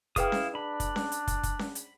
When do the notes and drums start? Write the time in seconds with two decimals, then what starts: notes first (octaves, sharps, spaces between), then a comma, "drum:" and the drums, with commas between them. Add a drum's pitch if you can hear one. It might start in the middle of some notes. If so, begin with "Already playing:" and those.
0.16 E4 G#4 B4 F5 G5 D#6, drum: kick, hi-hat
0.32 drum: snare C#4
0.55 D4 B5
0.80 drum: kick, hi-hat
0.96 drum: snare C#4
1.12 drum: hi-hat
1.28 drum: kick, hi-hat
1.43 drum: kick, hi-hat
1.59 drum: snare C#4
1.75 drum: hi-hat